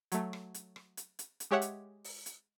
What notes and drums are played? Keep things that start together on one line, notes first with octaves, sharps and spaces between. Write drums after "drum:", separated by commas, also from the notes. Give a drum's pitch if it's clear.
F#3 A3, drum: hi-hat
drum: rim click
drum: hi-hat
drum: rim click
drum: hi-hat
drum: hi-hat
drum: hi-hat
G#3 G4 C#5 E5 F#5
drum: hi-hat
drum: open hi-hat
drum: hi-hat